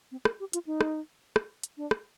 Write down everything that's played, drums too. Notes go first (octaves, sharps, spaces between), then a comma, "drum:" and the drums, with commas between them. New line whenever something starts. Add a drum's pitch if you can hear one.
C4
A#4, drum: rim click
G4
F4, drum: hi-hat
D#4
drum: rim click
drum: rim click
drum: hi-hat
D4
drum: rim click